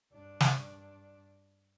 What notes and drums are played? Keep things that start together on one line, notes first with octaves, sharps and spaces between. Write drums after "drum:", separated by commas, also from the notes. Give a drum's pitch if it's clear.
G2 D4
drum: snare